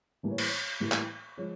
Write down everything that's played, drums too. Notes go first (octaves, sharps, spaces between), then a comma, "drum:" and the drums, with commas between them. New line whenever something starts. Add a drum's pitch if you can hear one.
A2 E3 G3 A#3
C#5
C5, drum: cymbal
C#5
A2 E3 G3 A#3
drum: clap
F3 G#3 C#5